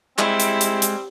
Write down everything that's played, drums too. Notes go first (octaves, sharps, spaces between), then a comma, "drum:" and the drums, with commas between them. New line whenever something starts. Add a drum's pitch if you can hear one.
G3 G#3 C4 E4, drum: clap
drum: hi-hat
drum: hi-hat
drum: hi-hat